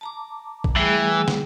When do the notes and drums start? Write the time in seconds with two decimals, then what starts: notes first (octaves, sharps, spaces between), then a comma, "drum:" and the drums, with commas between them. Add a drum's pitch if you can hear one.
0.01 A5 A#5 D6
0.64 drum: kick A#1
0.76 E3 G3 A3 G#4
1.28 drum: snare